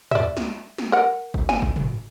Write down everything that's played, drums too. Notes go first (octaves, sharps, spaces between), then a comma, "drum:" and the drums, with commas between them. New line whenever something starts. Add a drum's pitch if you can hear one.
D5 E5, drum: tom
drum: snare
drum: snare
A#4 F#5
drum: kick G1
G#5, drum: snare
drum: kick G1
drum: tom